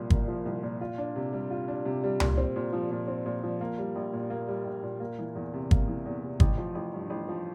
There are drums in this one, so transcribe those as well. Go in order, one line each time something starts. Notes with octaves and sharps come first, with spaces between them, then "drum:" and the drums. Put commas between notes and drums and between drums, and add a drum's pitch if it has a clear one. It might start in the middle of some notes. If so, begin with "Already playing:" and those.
Already playing: C2 A#2 F3 A#3
A#3, drum: kick G1
F3
C2
A#2
F4
D4
C3
G3
F4
D4
C3
G3
A#2, drum: tom C#2
C4
A#2
F3
A#2
C4
A#2
F3
A#3
G3
A#1
A#2
A#3
G3
A#1
A#2
A#3
E3
E2
C3
A#3, drum: kick G1
E3
E2
C3
A1, drum: kick G1
F3
A1
G2
A1
F3